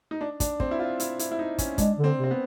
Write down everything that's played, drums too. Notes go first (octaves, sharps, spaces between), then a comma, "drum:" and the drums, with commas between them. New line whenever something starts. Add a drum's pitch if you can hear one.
D#4
D4
D4, drum: kick, hi-hat
C4, drum: kick
E4
F4
E4, drum: hi-hat
E4, drum: hi-hat
E4
D#4
C#4, drum: kick, hi-hat
G#3 D4, drum: kick, hi-hat
D3
C4
C3
C4
B3